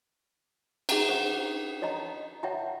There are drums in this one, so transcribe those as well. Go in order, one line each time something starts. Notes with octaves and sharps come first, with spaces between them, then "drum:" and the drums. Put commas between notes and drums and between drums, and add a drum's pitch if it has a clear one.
D#4 G#4 E5 F#5 G5 A#5, drum: cymbal
C5 F#5
C#5 D#5 A5 A#5
C#5 E5 F#5 G5 A5 A#5